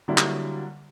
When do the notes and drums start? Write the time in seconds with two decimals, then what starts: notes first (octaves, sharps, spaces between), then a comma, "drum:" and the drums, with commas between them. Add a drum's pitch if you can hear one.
0.08 D3 F#3 G3 A#3 D4 E4
0.18 drum: clap